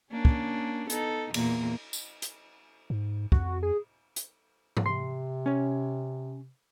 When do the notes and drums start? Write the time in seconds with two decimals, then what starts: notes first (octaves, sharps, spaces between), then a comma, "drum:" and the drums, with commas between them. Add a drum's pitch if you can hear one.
0.11 A#3 C#4 D4
0.25 drum: kick
0.90 B3 D#4 A4, drum: hi-hat
1.34 E2 A#2 A#3, drum: cymbal
1.93 drum: tambourine
2.22 drum: hi-hat
2.90 G#2
3.32 F2 F#4, drum: kick
3.63 G#4
4.16 drum: hi-hat
4.77 drum: tom G#2
4.86 C3 C6
5.46 C#4 C#5